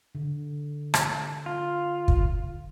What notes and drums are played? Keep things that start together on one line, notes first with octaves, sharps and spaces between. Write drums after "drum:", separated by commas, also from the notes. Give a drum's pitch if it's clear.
D3
drum: rim click
F4
drum: kick